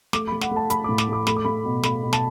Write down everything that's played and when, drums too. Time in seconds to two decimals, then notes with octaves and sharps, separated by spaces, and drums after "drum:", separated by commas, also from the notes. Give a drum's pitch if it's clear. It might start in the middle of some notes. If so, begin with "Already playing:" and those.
0.13 A3 D6, drum: snare
0.28 B5
0.32 A3
0.41 F#5, drum: snare
0.51 A3 A5
0.70 A3 B5, drum: hi-hat
0.84 D6
0.89 A2
0.98 D6, drum: snare
1.08 A3 D6
1.27 A3 B5, drum: snare
1.36 D6
1.45 A3 B5
1.65 B2
1.83 A3 B5, drum: snare
2.03 B2
2.13 A5, drum: snare